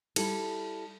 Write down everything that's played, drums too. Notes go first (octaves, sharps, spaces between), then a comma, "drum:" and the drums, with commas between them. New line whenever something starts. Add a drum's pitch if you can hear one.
G3 E4 A4, drum: cymbal